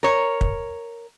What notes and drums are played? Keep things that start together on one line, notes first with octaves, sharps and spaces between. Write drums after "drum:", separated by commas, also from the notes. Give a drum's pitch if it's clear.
A#4 C#5
drum: kick